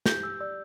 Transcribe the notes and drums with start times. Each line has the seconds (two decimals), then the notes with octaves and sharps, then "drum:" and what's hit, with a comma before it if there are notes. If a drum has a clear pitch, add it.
0.06 G4 G6, drum: snare
0.23 E6
0.40 D5 E6